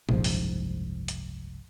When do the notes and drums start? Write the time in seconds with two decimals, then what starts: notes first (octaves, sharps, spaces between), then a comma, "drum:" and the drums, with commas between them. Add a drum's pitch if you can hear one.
0.09 F#1 C2 G#2 F3, drum: tom A#2
0.24 drum: open hi-hat
1.08 drum: hi-hat